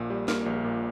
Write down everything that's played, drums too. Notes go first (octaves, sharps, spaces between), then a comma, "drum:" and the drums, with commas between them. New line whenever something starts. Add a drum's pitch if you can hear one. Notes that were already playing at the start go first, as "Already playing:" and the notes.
Already playing: A#1 A#2 A#3
G3
A#3 F6, drum: snare
A#1
A#2